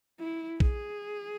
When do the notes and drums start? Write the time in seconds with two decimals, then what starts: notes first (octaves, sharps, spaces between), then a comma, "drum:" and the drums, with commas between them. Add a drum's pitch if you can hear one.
0.19 E4
0.60 G#4, drum: kick